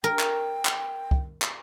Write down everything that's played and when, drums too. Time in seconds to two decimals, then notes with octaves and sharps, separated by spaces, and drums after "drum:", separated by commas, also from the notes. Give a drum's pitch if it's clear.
0.04 A#4 G5
0.19 drum: clap
0.65 drum: clap
1.11 drum: kick
1.42 drum: clap